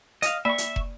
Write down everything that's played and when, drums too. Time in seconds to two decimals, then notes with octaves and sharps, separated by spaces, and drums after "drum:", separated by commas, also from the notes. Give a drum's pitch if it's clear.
0.22 D#5 F5, drum: hi-hat
0.45 A#3 D5 E5 B5 C#6
0.58 drum: hi-hat
0.76 drum: kick